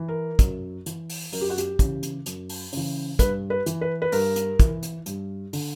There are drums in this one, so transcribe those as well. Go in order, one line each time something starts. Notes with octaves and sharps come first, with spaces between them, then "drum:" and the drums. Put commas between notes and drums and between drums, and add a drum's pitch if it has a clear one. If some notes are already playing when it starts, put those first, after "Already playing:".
Already playing: E3
A#4
F#2, drum: kick, hi-hat
E3, drum: hi-hat
drum: open hi-hat
F#2 A#4, drum: open hi-hat
G4
F#4
G4, drum: hi-hat
C#3 E3, drum: kick, hi-hat
drum: hi-hat
F#2, drum: hi-hat
drum: open hi-hat
C#3 E3, drum: open hi-hat
G2 B4, drum: kick, hi-hat
B4
E3, drum: hi-hat
B4
B4
G2 A#4, drum: open hi-hat
drum: hi-hat
E3, drum: kick, hi-hat
drum: hi-hat
G2, drum: hi-hat
D3, drum: open hi-hat